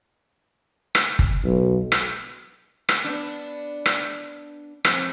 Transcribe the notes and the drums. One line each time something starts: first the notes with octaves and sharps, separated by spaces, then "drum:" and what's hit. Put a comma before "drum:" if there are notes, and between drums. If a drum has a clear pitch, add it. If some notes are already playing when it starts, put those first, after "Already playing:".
drum: rim click
drum: kick
B1
drum: rim click
drum: rim click
B3 D4
drum: rim click
F2, drum: rim click